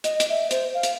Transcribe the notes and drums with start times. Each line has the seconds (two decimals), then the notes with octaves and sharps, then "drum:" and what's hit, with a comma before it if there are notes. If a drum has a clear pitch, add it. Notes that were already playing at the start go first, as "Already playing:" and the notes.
0.04 D#5, drum: hi-hat
0.20 drum: hi-hat
0.29 E5
0.51 C5, drum: hi-hat
0.74 F5
0.83 drum: hi-hat